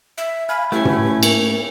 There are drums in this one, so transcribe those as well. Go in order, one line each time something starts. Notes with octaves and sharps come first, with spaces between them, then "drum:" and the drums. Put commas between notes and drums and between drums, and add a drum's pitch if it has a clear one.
E5
F5 G#5 B5
A3 C#4 E4 G4 B4
drum: tom
A#3, drum: cymbal